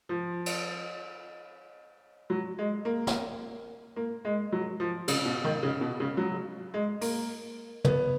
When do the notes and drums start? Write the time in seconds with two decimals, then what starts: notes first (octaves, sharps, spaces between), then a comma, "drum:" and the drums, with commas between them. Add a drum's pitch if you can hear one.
0.09 F3
0.46 drum: cymbal
2.30 F#3
2.58 G#3
2.85 A#3
3.07 drum: snare
3.96 A#3
4.25 G#3
4.52 F#3
4.80 F3
5.08 C#3, drum: cymbal
5.25 B2
5.44 D#3
5.63 C#3
5.81 B2
6.00 C#3
6.17 F#3
6.74 G#3
7.01 A#3, drum: open hi-hat
7.84 B3, drum: tom